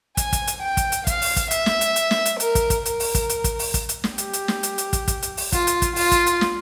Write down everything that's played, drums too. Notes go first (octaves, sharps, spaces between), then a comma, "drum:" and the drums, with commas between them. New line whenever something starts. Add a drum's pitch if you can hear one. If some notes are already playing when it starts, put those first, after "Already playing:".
G#5, drum: kick, hi-hat
drum: kick, hi-hat
drum: hi-hat
G5
drum: kick, hi-hat
drum: hi-hat
F5, drum: kick, hi-hat
drum: open hi-hat
drum: kick, hi-hat
E5, drum: hi-hat
drum: snare
drum: hi-hat
drum: hi-hat
drum: snare
drum: hi-hat
A#4, drum: hi-hat
drum: kick, hi-hat
drum: kick, hi-hat
A#4, drum: hi-hat
drum: open hi-hat
drum: kick, hi-hat
drum: hi-hat
drum: kick, hi-hat
drum: open hi-hat
drum: kick, hi-hat
drum: hi-hat
drum: snare
G4, drum: hi-hat
drum: hi-hat
drum: snare
drum: hi-hat
drum: hi-hat
drum: kick, hi-hat
drum: kick, hi-hat
drum: hi-hat
drum: open hi-hat
F4, drum: kick, hi-hat
drum: hi-hat
drum: kick, hi-hat
F4, drum: open hi-hat
drum: kick, hi-hat
drum: hi-hat
drum: snare